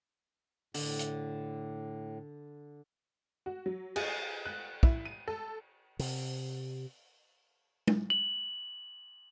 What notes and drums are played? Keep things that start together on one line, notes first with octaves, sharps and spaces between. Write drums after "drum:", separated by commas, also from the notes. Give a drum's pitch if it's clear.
A2 D3, drum: open hi-hat
drum: hi-hat
F#4
F#3
G#4, drum: cymbal
F#6
E4, drum: kick
D#7
A4
C3, drum: open hi-hat
drum: tom
F#7